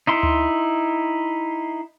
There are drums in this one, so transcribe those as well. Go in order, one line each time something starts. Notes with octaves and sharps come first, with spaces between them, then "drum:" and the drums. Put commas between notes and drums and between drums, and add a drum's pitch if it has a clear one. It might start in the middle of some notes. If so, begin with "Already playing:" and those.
D#4 E4 C6
drum: tom D2